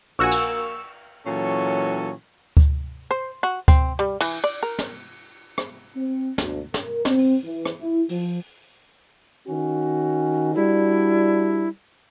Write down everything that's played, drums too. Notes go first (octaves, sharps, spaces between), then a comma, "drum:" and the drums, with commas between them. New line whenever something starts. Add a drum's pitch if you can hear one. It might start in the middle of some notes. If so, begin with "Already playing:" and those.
A#1 A#3 F#4 G#5 C#6 E6
drum: cymbal
A#2 E3 F#3 C#4 A4 C#5
drum: kick D2
C5
F#4
C4, drum: kick D2
G3
E3, drum: cymbal
D5
A#4
drum: snare
drum: rim click
C4
D2, drum: snare
A#4, drum: snare
C4, drum: snare
drum: open hi-hat
E3
drum: rim click
E4
F3, drum: open hi-hat
D#3 C#4 F#4
G3 D4 E4 F#4